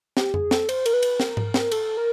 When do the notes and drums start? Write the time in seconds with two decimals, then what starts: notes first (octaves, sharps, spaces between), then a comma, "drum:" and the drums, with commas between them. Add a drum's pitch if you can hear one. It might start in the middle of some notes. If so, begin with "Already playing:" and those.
0.17 G4, drum: snare
0.34 G#4, drum: tom F2
0.51 A4, drum: snare
0.69 C5, drum: cymbal
0.86 A#4, drum: cymbal
0.93 B4
1.03 drum: cymbal
1.20 A#4, drum: snare
1.37 drum: tom G#2
1.54 drum: snare
1.72 A4, drum: cymbal
1.97 A#4